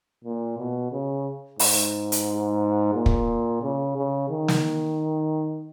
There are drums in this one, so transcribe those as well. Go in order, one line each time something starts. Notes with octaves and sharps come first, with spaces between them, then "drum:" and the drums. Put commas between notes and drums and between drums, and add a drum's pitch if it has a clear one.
A#2
B2
C#3
G#2, drum: open hi-hat
drum: hi-hat
A#2
drum: kick
C#3
C#3
D#3
drum: snare